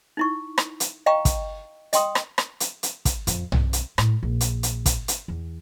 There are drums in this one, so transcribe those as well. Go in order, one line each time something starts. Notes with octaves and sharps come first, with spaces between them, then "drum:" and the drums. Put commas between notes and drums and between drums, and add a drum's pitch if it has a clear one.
D#4 E4 C#6
drum: rim click
drum: hi-hat
D#5 F5 G5 A#5 C#6
drum: kick, hi-hat
D#5 G5 C6 D#6, drum: hi-hat
drum: rim click
drum: rim click
drum: hi-hat
drum: hi-hat
drum: kick, hi-hat
F2, drum: hi-hat
C4, drum: tom
drum: hi-hat
A2, drum: rim click
A#1
drum: hi-hat
drum: hi-hat
drum: kick, hi-hat
drum: hi-hat
E2